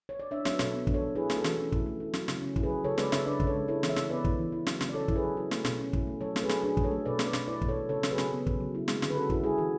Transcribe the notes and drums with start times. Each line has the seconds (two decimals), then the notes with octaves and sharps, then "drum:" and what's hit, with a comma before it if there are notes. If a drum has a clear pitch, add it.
0.09 C#5
0.20 D5
0.31 D4 C#5 E5
0.45 F#3 C#5 E5, drum: snare
0.54 B4
0.59 B2 A4 C#5, drum: snare
0.74 B3
0.87 D4, drum: kick
0.94 A4 C#5
1.02 F#3
1.15 E4 G#4 B4
1.30 A3, drum: snare
1.36 F#4 A4
1.44 E3, drum: snare
1.58 C#4
1.72 E4, drum: kick
1.86 A3
2.00 E4
2.13 F#3, drum: snare
2.28 C#3, drum: snare
2.42 C#4
2.56 E4, drum: kick
2.63 G#4 B4
2.70 F#3
2.84 C#3 A4 C#5
2.98 G#3 B4 D5, drum: snare
3.12 C#3 C#5 E5, drum: snare
3.26 D4 B4 D5
3.40 C#3, drum: kick
3.47 A4 C#5
3.54 G#3
3.68 E4 A4 C#5
3.83 E3, drum: snare
3.89 C#5 E5
3.96 C#3, drum: snare
4.10 B3 B4 D5
4.25 E4, drum: kick
4.39 E3
4.52 E4
4.67 F#3, drum: snare
4.81 C#3, drum: snare
4.89 D5
4.94 C#4 A4 C#5
5.08 E4, drum: kick
5.16 G#4 B4
5.23 F#3
5.37 E4
5.51 A3, drum: snare
5.65 B2, drum: snare
5.79 C#4
5.93 E4, drum: kick
6.07 A3
6.21 F#3 A4 C#5
6.36 A3, drum: snare
6.43 G#4 B4
6.49 F#3, drum: snare
6.63 D4 G#4 B4
6.77 F#3, drum: kick
6.84 A4 C#5
6.91 A3
7.05 B2 B4 D5
7.19 A3, drum: snare
7.26 B4 D5
7.33 B2, drum: snare
7.48 E4 B4 D5
7.61 B2, drum: kick
7.68 A4 C#5
7.76 A3
7.89 C#3 A4 C#5
8.03 F#3, drum: snare
8.11 G#4 B4
8.18 C#3, drum: snare
8.32 B3
8.46 C#3, drum: kick
8.60 F#3
8.75 E4
8.88 G#3, drum: snare
9.02 D3, drum: snare
9.10 B4
9.16 C#4 F#4 A4
9.30 E4 F#4, drum: kick
9.44 G#3 E4 G#4
9.58 E3 F#4